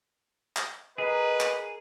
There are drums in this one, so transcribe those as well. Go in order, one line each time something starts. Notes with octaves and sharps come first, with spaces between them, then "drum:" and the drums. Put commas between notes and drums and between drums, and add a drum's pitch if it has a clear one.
drum: clap
G#4 A#4 B4 D#5
drum: clap